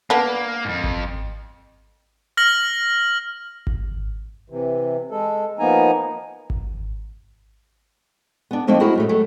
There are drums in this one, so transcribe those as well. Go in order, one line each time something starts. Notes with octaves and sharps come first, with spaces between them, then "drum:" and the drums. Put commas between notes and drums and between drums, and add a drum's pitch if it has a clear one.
A#3 B3 D4
F2 G#2
drum: kick G#1
F6 A#6 F#7
drum: kick G#1
C3 E3
G#3 A4
F3 A#3 B3 D#4 G#5 A#5
drum: kick G#1
B3 D4
F3 A3 A#3 C4 D4 D#4
E4 F#4 G#4 A#4
F#2 A2 A3
F#3 A3